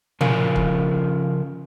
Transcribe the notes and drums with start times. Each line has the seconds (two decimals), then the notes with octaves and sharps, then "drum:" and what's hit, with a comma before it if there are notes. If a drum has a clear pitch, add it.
0.21 C#3 F3 A#4 F5 G#5, drum: tom
0.56 drum: kick